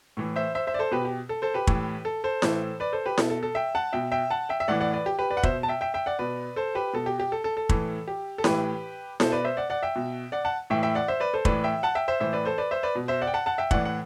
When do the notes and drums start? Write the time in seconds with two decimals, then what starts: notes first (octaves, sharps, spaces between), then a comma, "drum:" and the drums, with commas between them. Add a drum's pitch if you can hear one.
0.17 A2 E3
0.36 C5 E5
0.55 C5 E5
0.67 C5 E5
0.74 D5
0.79 A4 C5
0.92 B2 G4 B4
1.05 G4
1.29 A4
1.42 A4 C5
1.54 G4 B4
1.67 A2 E3, drum: kick
2.05 A4
2.24 A4 C5
2.42 A2 E3, drum: snare E4
2.80 B4 D5
2.93 A4 C5
3.06 G4 B4
3.18 B2 A4, drum: snare E4
3.30 A4
3.43 A4
3.55 E5 G5
3.75 F#5 A5
3.93 B2 E5 G5
4.12 E5 G5
4.30 F#5 A5
4.49 E5 G5
4.60 E5
4.68 A2 E3 D5 F#5
4.80 D5 F#5
4.93 B4 D5
5.06 G4
5.18 G4 B4
5.30 B4 D5
5.37 F#5
5.43 B2 C5 E5, drum: kick
5.63 A5
5.68 E5 G5
5.81 E5 G5
5.94 E5 G5
6.06 D5 F#5
6.19 B2 B4 D5
6.56 A4 C5
6.75 G4 B4
6.93 B2 A4
7.06 G4
7.20 G4
7.32 A4
7.44 A4
7.57 A4
7.69 A2 E3, drum: kick
8.08 G4
8.38 A4
8.44 A2 E3 G4 B4, drum: snare E4
9.20 B2 A4 C5, drum: snare E4
9.32 B4 D5
9.45 C5 E5
9.57 D5 F#5
9.70 D5 F#5
9.83 E5 G5
9.96 B2
10.32 D5 F#5
10.45 F#5 A5
10.70 A2 E3 E5 G5
10.83 E5 G5
10.95 D5 F#5
11.08 C5 E5
11.20 B4 D5
11.34 A4 C5
11.45 A2 E3 B4 D5, drum: kick
11.64 E5 G5
11.83 F#5 A5
11.95 E5 G5
12.08 C5 E5
12.20 A2 E3 C5 E5
12.33 B4 D5
12.45 A4 C5
12.58 B4 D5
12.71 C5 E5
12.83 B4 D5
12.95 B2
13.08 C5 E5
13.21 D5 F#5
13.27 G5
13.34 F#5 A5
13.46 F#5 A5
13.58 E5 G5
13.71 A2 E3 D5 F#5, drum: kick
13.85 F#5